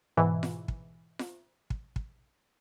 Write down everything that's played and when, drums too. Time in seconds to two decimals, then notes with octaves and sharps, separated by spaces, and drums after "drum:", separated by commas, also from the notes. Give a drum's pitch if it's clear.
0.17 G#2 B2 E3
0.43 drum: snare F4
0.68 drum: kick
1.19 drum: snare F4
1.70 drum: kick
1.96 drum: kick